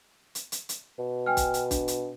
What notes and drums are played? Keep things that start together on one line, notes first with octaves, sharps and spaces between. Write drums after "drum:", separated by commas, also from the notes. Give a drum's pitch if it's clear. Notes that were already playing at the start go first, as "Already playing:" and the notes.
drum: hi-hat
drum: hi-hat
drum: hi-hat
B2
G5 G#5 F6
drum: kick, hi-hat
drum: hi-hat
D4, drum: kick, hi-hat
drum: hi-hat